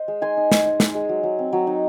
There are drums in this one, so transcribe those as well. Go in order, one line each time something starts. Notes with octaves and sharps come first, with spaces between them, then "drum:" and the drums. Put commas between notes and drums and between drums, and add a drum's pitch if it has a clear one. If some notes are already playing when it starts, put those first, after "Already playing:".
Already playing: C5 D#5
G#3
D#4 G#5 C6
D#4
D#4, drum: snare
D#4
D#4, drum: snare
G#3
F#3
F#3
C4
F#3
D#4